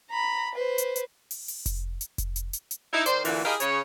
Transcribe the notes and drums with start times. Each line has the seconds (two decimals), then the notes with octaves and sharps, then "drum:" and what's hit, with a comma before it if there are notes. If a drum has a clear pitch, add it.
0.10 A#5 B5
0.54 B4 C5
0.78 drum: hi-hat
0.96 drum: hi-hat
1.31 drum: open hi-hat
1.48 drum: open hi-hat
1.66 drum: kick F1, hi-hat
2.01 drum: hi-hat
2.18 drum: kick F1, hi-hat
2.36 drum: hi-hat
2.53 drum: hi-hat
2.71 drum: hi-hat
2.93 D#4 E4
3.06 D#3 C5 D5, drum: hi-hat
3.25 D2 A#2 D3 E3, drum: open hi-hat
3.45 E4 G4 G#4 A#4 D#5 F5
3.60 C#3 C#5, drum: hi-hat